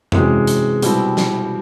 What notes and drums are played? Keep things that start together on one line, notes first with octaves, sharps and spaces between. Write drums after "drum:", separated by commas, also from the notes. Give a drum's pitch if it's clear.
C3 E3 G#3 C#4 F#4, drum: tom F2
drum: hi-hat
B2 G3 C4 E4, drum: hi-hat
drum: snare